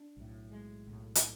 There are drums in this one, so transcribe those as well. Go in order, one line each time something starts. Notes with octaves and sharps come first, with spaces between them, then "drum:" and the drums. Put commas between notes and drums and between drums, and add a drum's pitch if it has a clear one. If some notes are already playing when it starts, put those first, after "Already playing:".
Already playing: D4
B1 A2
G#3
B1 A2
drum: hi-hat